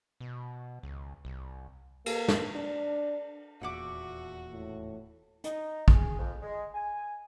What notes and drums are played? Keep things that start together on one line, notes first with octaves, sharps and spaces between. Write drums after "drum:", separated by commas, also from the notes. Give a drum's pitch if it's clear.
B2
C#2
C2
A#3, drum: cymbal
drum: snare
D4
D#1 E2 A#2 F#4 E5 F#5 D6
A2
D#4, drum: hi-hat
G#4, drum: kick
F2
G#3
G#5